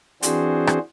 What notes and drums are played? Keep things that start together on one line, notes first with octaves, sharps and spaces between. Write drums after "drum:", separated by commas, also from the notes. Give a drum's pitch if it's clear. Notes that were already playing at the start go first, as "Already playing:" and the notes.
E3 C4 D4 F#4 G#4 C5, drum: hi-hat
drum: rim click